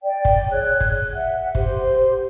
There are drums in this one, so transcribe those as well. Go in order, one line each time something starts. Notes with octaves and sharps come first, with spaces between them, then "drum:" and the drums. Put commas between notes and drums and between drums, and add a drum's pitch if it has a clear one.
D5 G5
drum: kick
G#4 C#5 F#6
drum: kick
E5 F#5
G4 C5, drum: kick